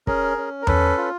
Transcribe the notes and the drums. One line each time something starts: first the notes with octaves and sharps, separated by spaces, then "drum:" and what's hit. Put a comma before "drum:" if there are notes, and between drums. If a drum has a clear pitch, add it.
C#4 G#4 A#4, drum: kick
C#4
A#4
C#4 A4 B4, drum: tom E2
F4